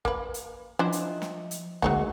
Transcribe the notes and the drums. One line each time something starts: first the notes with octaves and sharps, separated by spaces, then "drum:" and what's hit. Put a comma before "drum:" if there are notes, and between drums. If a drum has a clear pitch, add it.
A#3 B4, drum: kick
drum: hi-hat
F3 D4 E4 C5 D#5
drum: hi-hat
drum: snare
drum: hi-hat
D2 F#3 G#3 A#3 D#4 F#4, drum: kick